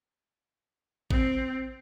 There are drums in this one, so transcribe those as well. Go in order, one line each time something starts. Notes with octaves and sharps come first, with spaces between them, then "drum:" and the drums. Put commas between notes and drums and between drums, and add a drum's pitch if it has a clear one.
C4, drum: kick A1